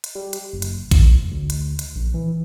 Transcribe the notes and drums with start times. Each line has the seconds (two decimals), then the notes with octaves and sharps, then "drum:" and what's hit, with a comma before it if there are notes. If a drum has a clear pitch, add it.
0.04 drum: hi-hat
0.15 G3
0.33 drum: hi-hat
0.53 F#1
0.62 drum: hi-hat
0.91 G1, drum: kick A#1, hi-hat
1.14 F1
1.31 D2
1.50 drum: hi-hat
1.79 drum: hi-hat
1.96 A#1
2.14 E3